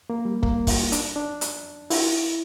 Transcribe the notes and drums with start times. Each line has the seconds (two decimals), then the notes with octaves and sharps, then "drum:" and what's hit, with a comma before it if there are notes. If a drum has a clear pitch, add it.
0.10 A#3
0.25 G3
0.43 A#3, drum: kick
0.67 drum: kick, open hi-hat
0.92 D4, drum: hi-hat
1.16 D4
1.41 drum: hi-hat
1.90 E4, drum: open hi-hat